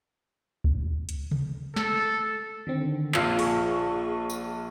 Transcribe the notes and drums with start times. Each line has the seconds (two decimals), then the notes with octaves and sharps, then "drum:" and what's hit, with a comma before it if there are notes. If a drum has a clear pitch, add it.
0.64 drum: kick C#2
1.09 drum: hi-hat
1.31 drum: tom C3
1.76 A4, drum: snare
2.67 D3 D#3 C4
3.14 A#1 F4 E6, drum: clap
3.39 G#4 C#6, drum: open hi-hat
4.30 drum: tambourine